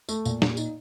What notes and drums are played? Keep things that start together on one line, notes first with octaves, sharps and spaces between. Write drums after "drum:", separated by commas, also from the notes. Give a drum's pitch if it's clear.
A3, drum: tambourine
A#2, drum: tambourine
A#2, drum: snare
D#4, drum: tambourine